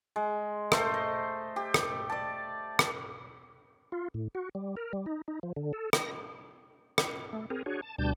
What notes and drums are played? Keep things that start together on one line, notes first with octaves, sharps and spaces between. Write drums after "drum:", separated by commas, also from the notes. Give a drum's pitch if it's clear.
G#3
A3 C5, drum: rim click
D#5
G4
drum: rim click
D5 A5
drum: rim click
F4
A2
F#4
G3
A#4
G3
D#4
D#4
F3
D3
A4
A#6, drum: rim click
drum: rim click
A3
C4 G#4 A#4
D4 F#4 G#4 C#5
A5
D2 B2 G3 D4 A5 G6